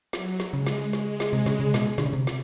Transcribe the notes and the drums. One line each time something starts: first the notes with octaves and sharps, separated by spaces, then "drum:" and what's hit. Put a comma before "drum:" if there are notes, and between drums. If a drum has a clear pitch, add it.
F#3, drum: snare
drum: snare
C#3 G#3
drum: snare
G#3, drum: snare
drum: snare
C3
C#3, drum: snare
C#3
B2, drum: snare
D3, drum: snare
C#3
C3
drum: snare